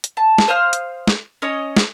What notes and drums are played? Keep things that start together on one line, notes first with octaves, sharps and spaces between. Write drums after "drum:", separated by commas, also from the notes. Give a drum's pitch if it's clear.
drum: hi-hat
A5
drum: snare
C5 F5 D#6 F6
drum: hi-hat
drum: snare
C#4 C#5 D#5
drum: snare